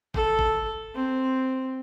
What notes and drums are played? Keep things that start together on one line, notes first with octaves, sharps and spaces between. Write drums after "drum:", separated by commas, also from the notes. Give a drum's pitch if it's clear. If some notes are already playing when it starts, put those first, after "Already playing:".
A4, drum: kick G1
drum: kick G1
C4